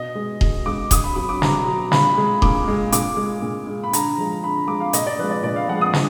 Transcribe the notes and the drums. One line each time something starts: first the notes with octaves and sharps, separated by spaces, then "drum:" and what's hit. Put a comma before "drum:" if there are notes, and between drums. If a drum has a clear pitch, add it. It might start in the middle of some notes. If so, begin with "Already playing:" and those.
Already playing: B2 D#5
G#3
B2, drum: kick D#1
G#3 D6
B2 D#6, drum: kick D#1, hi-hat
B5
F#3 B5
D6
B2 A#5, drum: snare
F#3
A#2 B5, drum: snare
G#3
A#2 D6, drum: kick D#1
G#3
A#2 D6, drum: hi-hat
G#3
A#2
G#3
B5
D3 A#5, drum: hi-hat
F3 G#3
D3 B5
F3 G#3 D6
F5
A#2 D#5, drum: hi-hat
D5
F3 G#3 B4
D5
A#2 D5
F5
F3 G#3 F#5
D#6
D3, drum: snare